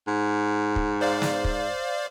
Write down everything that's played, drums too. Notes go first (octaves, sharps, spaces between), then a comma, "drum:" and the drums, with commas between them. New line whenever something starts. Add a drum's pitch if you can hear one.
G#2
drum: kick
C5 D5 F5
drum: snare
drum: kick